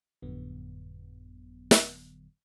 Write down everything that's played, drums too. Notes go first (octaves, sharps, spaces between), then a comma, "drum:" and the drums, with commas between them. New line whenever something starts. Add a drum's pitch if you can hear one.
G1 F2 A2 D3 F#3 B3
drum: snare